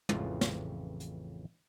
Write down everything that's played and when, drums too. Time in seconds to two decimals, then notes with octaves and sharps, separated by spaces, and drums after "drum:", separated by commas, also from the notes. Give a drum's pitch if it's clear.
0.09 A1 F2 C#3 E3 F4, drum: tom
0.41 drum: snare
1.00 drum: hi-hat